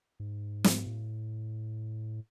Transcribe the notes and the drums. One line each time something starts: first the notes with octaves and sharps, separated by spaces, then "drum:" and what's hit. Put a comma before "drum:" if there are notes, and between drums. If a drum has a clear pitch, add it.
G#2
drum: snare
A2